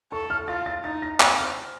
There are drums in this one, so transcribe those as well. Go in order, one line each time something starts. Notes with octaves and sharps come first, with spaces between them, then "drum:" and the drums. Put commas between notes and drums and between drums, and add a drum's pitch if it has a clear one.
A4 C#6
F6
F4 A6
A6
D#4 A6
A#6
C4 F#6, drum: clap
F6